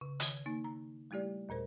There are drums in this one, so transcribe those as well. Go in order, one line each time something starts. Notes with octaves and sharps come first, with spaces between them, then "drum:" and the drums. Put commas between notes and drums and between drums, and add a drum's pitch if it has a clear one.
C#3
D#3 G#6, drum: hi-hat
A#3 D#4
A#5
G3 A3 E4 G4 D5
D#2 A#2 A#4 C5